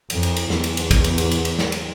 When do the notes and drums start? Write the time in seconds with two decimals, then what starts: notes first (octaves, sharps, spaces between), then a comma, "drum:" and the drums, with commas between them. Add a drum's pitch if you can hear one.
0.10 F2, drum: cymbal
0.23 drum: cymbal
0.36 drum: cymbal
0.50 E2, drum: snare
0.64 drum: cymbal
0.77 drum: cymbal
0.91 drum: kick, cymbal
1.04 drum: cymbal
1.18 drum: cymbal
1.31 drum: cymbal
1.45 drum: cymbal
1.59 drum: snare
1.72 drum: cymbal